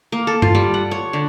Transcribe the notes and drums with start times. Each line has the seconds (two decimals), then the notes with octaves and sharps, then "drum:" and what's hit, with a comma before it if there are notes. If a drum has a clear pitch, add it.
0.12 A#3
0.27 A4
0.42 F4, drum: tom G2
0.55 G3
0.74 F#5
0.91 C#5
1.13 D3